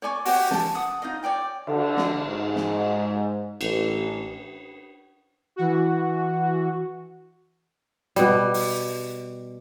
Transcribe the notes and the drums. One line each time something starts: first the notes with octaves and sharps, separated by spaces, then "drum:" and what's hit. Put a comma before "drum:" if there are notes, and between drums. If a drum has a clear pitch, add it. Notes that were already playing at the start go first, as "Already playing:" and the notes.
C#5 D5 G#5 C#6
F#4 G4 C#5 G5, drum: open hi-hat
G#5 A5, drum: snare
F#5 D#6
D#4 F4 D#5
C#5 D5 G5 G#5
D3, drum: cymbal
drum: snare
G#2
drum: snare
A1, drum: cymbal
E3 F#4
B2 G3, drum: hi-hat
drum: open hi-hat